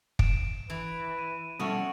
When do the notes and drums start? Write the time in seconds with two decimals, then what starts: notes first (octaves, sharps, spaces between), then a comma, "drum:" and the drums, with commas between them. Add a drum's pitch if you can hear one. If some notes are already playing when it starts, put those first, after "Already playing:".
0.19 D7 E7, drum: kick
0.70 E3 B4
1.19 D#7
1.60 B2 G3 C#4 F#4 A4 E5 D#6